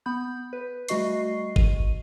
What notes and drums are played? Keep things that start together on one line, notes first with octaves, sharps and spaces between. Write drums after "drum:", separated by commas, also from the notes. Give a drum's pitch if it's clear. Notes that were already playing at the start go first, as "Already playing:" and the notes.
B3 B5 G6
B4
G3 A3 F#4 D#5 C#6 C7, drum: hi-hat
D#7, drum: kick